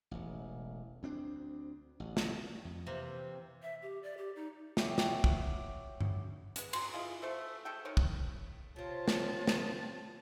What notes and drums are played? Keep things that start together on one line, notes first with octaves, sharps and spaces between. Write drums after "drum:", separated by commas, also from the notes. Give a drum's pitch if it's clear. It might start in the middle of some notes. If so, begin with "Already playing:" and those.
E1 A1
D2 C4 D4
A1
drum: snare
F2
C3 E3 A#3 C4
E5
G4
D5
G4
D#4
F#4 G4 C#5 E5, drum: snare
drum: snare
drum: kick
drum: tom G2
G#3 B3, drum: hi-hat
F#3 C6, drum: cymbal
E4 F4 G#4 D#5
A3 A4 C5 E5
G#3 A4 G5
D#3 C#5
drum: kick
C3 C4 F4 C#5 A5
drum: snare
drum: snare